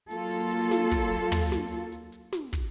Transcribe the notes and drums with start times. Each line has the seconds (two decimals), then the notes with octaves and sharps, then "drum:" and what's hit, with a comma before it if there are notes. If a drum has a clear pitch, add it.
0.11 F#3 A#3 F4 A4, drum: hi-hat
0.31 drum: hi-hat
0.51 drum: hi-hat
0.71 drum: snare
0.91 drum: kick, open hi-hat
1.12 drum: hi-hat
1.32 drum: tom
1.52 drum: snare
1.72 drum: hi-hat
1.92 drum: hi-hat
2.12 drum: hi-hat
2.33 drum: snare
2.53 drum: kick, open hi-hat